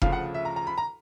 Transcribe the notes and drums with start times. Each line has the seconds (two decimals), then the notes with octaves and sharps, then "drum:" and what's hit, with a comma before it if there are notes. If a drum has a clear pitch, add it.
0.02 D2 C#3 F3 F5, drum: kick F1
0.13 F#5
0.34 E5
0.45 A#5
0.56 A#5
0.67 B5
0.78 A#5